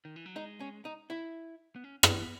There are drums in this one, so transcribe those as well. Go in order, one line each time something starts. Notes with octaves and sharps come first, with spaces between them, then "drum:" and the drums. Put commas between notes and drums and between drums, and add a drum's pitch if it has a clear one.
D#3
E3
F#3
G#3 D#4
C#4
D#4
E4
B3
C#4
drum: rim click
B3